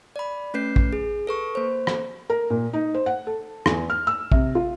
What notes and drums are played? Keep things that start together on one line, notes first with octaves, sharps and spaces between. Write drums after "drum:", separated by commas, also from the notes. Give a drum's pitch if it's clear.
D5 B5
A3 C#4 B4 G6 C7
drum: kick
G#4
A4 B4 C#6
A#3 C5
drum: rim click
A#4
A#2
D#4
C5
F#5
A4
E2, drum: rim click
F6
E6
C3, drum: kick
F4